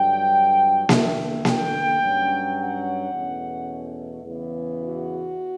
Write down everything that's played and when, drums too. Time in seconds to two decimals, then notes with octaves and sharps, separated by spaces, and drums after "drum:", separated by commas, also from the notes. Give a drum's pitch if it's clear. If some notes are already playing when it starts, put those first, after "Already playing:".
Already playing: G2 D3 F#3 G5
0.89 E2 D3 A3 E5, drum: snare A#3
1.45 G5, drum: snare A#3
2.01 G2 F#3 C#4
2.56 F#5
3.13 E2 B2 A3 C#4
4.24 E2 C#3 E3 B3
4.81 F#4